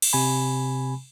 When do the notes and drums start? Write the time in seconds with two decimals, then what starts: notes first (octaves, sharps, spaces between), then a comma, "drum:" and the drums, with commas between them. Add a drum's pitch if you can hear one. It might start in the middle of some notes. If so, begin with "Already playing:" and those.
0.02 drum: cymbal
0.13 C3 G#5 B5